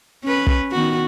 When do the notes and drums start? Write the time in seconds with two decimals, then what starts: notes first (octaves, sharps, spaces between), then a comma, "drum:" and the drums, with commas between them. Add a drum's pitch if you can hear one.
0.24 C#4 B4
0.47 drum: kick
0.72 D#3 B3 F#4